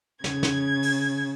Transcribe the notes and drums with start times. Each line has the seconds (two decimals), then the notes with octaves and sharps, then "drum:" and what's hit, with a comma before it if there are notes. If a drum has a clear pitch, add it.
0.24 C#3 G#6, drum: snare
0.43 drum: snare
0.83 drum: open hi-hat